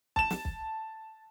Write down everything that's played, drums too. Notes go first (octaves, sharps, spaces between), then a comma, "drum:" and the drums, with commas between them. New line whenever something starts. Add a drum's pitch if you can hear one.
A5 E7, drum: kick
drum: snare
drum: kick